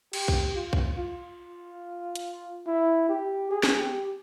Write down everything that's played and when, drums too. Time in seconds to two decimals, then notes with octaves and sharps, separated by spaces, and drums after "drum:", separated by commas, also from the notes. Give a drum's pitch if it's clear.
0.13 G4, drum: cymbal
0.28 drum: kick B1
0.56 F4
0.73 drum: kick B1
0.98 F4
2.15 drum: hi-hat
2.67 E4
3.09 G4
3.51 G#4
3.63 drum: snare
3.79 G4